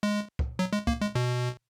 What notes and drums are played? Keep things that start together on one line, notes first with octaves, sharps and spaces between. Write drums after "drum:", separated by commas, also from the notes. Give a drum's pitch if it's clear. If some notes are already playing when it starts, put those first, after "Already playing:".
G#3
drum: kick
F#3
G#3
A#3, drum: kick
G#3
B2